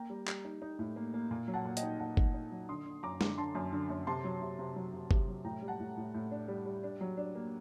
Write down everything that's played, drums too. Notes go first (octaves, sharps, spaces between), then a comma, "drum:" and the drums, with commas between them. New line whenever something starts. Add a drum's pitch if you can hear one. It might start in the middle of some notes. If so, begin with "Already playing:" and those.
Already playing: A#3 G5 A#5
G3
G3, drum: clap
D#4
D#4
A2
A#3
A#3
A#2
F#3
F#5 A5
A#2
D#5 G5, drum: hi-hat
D#4
A#2 F#5 A5
D#4, drum: kick
D#4
F#3
D3 C6 D#6
D3
F#2 A#5 D6
D3, drum: snare G#3
D3 A5 C6
F#2
D3
F#2
C3 A5 C6
F#3
C3
C3
F#3
C3
C3, drum: kick
F#3
A2 G5 A#5
G3
F#5 A5
A2
A2
A2
D4
G3
G3
D4
F#3
D4
A#3